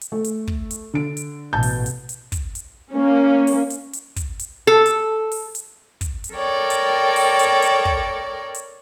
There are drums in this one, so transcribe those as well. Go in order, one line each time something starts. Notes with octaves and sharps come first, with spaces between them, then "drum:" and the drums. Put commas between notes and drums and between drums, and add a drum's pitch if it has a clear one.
drum: hi-hat
A3
drum: hi-hat
drum: kick
drum: hi-hat
D3 D7
drum: hi-hat
A1 B2 A5 G6
drum: open hi-hat
drum: hi-hat
drum: hi-hat
drum: kick, hi-hat
drum: hi-hat
A#3 C#4
drum: open hi-hat
drum: hi-hat
drum: hi-hat
drum: kick, hi-hat
drum: hi-hat
A4
drum: hi-hat
drum: open hi-hat
drum: hi-hat
drum: kick, hi-hat
drum: hi-hat
A4 A#4 C#5 D5 G5
drum: hi-hat
drum: open hi-hat
drum: hi-hat
drum: hi-hat
drum: kick
drum: hi-hat